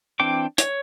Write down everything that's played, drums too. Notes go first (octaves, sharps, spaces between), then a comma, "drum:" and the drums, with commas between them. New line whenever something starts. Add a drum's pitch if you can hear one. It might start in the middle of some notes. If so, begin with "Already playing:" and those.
E3 C4 D4 G5 D6
C#5, drum: hi-hat